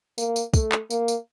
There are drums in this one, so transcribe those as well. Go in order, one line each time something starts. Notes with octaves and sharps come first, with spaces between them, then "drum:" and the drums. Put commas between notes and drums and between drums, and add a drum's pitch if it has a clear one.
A#3, drum: tambourine
drum: tambourine
A3, drum: kick, tambourine
drum: clap
A#3, drum: tambourine
drum: tambourine